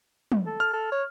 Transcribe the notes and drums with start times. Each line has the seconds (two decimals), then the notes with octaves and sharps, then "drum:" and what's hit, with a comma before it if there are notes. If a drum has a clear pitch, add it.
0.32 drum: tom
0.46 A4
0.60 F6
0.73 A4
0.92 C#5